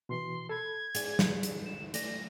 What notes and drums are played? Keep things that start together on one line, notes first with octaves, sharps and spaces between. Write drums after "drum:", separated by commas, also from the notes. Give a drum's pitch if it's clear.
B2 E3 C6
A4 B5 G#6
G#2 G#4 D5, drum: hi-hat
drum: snare
drum: hi-hat
E7
A3 D5 A#6, drum: hi-hat